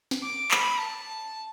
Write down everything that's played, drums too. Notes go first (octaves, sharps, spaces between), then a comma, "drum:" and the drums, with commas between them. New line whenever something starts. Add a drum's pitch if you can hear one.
drum: snare
D6
B5, drum: clap
A5